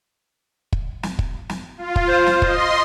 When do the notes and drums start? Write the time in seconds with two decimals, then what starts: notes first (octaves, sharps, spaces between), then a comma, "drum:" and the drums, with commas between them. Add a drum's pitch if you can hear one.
0.73 drum: kick
1.03 drum: snare
1.19 drum: kick
1.49 drum: snare
1.78 F4
1.96 drum: kick
2.08 C5
2.26 drum: snare
2.42 D#5 C6, drum: kick